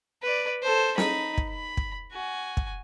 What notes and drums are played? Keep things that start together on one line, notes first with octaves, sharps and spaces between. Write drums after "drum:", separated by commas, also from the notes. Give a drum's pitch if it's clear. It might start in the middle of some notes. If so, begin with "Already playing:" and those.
B4 D5
A4 C5
D#4 B5, drum: snare
drum: kick
B5
drum: kick
F#4 G#5
drum: kick